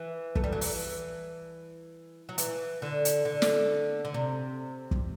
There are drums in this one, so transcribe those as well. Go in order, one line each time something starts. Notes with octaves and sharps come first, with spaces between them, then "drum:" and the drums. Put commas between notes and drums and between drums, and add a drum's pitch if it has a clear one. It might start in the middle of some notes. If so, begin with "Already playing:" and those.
Already playing: E3
A3, drum: kick
G3
F#3
E3, drum: open hi-hat
F#3
E3, drum: hi-hat
D3
drum: hi-hat
D3
drum: snare
D3
C3
drum: kick